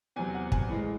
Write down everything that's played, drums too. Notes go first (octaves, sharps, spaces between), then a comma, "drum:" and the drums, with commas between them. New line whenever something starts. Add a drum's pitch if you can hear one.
E2 C3 F#3 C4 G#5
F#5
G#5, drum: kick
A2 E3 G#3